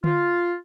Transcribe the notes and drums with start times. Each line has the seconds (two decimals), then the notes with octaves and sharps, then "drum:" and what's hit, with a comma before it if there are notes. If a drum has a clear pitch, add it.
0.04 F4, drum: tom D3